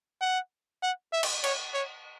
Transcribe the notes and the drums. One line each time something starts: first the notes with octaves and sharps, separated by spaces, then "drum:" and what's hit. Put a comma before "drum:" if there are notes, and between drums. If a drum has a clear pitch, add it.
F#5
F#5
E5
drum: cymbal
C#5, drum: cymbal
C#5